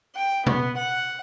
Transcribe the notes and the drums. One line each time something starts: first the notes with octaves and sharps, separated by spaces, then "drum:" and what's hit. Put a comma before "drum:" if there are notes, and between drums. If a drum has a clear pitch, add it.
G5
B3, drum: tom B2
F#5